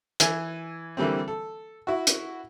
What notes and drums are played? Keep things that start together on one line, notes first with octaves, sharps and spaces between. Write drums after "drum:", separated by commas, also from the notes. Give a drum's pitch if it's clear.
E3 G#5 E6, drum: hi-hat
D3 E3 G3 A#3 C4
A4
E4 F#4
drum: hi-hat